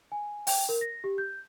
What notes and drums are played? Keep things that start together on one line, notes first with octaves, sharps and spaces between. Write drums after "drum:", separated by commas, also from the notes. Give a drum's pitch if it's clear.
G#5
G5, drum: open hi-hat
A#4
A#6
G4
G6